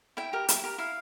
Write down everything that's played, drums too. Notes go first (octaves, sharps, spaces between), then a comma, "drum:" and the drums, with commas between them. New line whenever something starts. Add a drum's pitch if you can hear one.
E4 G5
G4 A#4
E4, drum: hi-hat
G4 A#4
E4 F5